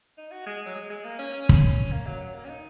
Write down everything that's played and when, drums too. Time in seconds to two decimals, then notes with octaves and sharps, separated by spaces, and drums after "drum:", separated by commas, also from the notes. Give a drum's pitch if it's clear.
0.18 D#4
0.32 F#4
0.46 G#3
0.66 F#3
0.75 G#3
0.90 G#3
1.04 A#3
1.19 C#4
1.33 C#4
1.49 drum: kick
1.92 A#3
2.06 F#3
2.20 F#3
2.34 A#3
2.45 C#4
2.49 D#4